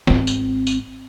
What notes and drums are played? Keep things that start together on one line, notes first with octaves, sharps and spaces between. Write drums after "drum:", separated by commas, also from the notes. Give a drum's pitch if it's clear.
G#1 C4, drum: snare
drum: tambourine
drum: tambourine